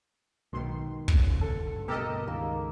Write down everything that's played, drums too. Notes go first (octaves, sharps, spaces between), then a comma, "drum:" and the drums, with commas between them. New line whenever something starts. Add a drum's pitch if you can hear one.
B1 G#2 B2 D#3 C6
D2 A#2 C#3 F#5, drum: kick
G2 A4
D2 B2 A#3 G4 A4 A#4 D#5 E6
C#2 D#3 G#3 A#3